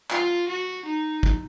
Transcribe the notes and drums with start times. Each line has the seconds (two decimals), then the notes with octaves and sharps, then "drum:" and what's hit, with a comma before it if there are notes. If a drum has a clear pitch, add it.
0.10 F4, drum: clap
0.48 F#4
0.85 D#4
1.23 drum: kick